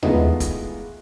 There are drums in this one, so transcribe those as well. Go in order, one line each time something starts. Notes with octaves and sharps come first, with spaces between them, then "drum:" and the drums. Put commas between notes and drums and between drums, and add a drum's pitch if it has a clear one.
E3 G#3 A3 B3 D#4 F4, drum: tom D#2
drum: kick, hi-hat